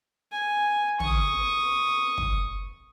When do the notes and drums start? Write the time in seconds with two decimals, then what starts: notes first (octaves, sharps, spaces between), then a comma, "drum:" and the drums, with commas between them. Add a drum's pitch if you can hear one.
0.32 G#5
1.00 C#6 D#6, drum: tom
2.18 drum: kick